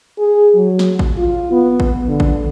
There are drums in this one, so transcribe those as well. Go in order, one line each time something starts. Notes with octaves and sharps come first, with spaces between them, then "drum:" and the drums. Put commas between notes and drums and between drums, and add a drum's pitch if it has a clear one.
G#4
F#3
drum: snare
drum: kick A1
F4
B3
drum: kick A1
D3
drum: kick A1